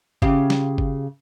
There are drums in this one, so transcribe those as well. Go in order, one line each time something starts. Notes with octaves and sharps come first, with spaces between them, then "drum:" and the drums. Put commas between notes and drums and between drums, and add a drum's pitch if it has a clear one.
C#3 F4 G4, drum: kick G1
drum: snare
drum: kick G1